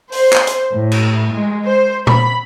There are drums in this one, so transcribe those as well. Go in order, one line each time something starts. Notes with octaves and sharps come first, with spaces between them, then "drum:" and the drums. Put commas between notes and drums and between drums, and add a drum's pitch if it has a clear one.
C5, drum: open hi-hat
drum: clap
drum: hi-hat
A2
drum: cymbal
G#3
C5
B5, drum: tom A#2